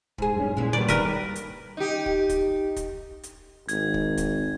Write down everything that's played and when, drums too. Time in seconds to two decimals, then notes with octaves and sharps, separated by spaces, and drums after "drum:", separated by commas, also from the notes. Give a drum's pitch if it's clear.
0.18 G#2 G#4, drum: kick
0.37 G2 C#4
0.57 A#2 E3 G#3
0.73 D#3 F#3 G3 B3 D5
0.88 D3 D#3 A#4 B4, drum: kick, hi-hat
1.35 drum: hi-hat
1.77 D#4 G4
2.06 drum: kick
2.29 drum: kick, hi-hat
2.76 drum: kick, hi-hat
3.23 drum: hi-hat
3.69 G#1 G#6, drum: hi-hat
3.94 drum: kick
4.17 drum: kick, hi-hat